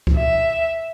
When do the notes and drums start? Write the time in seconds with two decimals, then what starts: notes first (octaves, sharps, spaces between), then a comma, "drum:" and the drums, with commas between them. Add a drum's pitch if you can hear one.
0.07 drum: kick C#2
0.16 E5